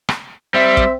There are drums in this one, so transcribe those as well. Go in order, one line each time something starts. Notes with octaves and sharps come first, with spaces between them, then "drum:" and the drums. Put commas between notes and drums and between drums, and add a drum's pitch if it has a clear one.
drum: rim click
G3 C4 E5
drum: kick